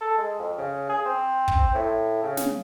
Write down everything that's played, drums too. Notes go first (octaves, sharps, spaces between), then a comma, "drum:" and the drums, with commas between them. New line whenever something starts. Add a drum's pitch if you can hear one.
A4
G#3
F2
C#3
G#4
C4
drum: kick
A2
C#3
drum: snare